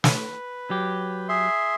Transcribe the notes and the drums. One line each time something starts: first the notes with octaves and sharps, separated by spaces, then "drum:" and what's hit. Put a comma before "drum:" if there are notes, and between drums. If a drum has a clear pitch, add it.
B4, drum: snare
F#3 G4
G#4 E5 C6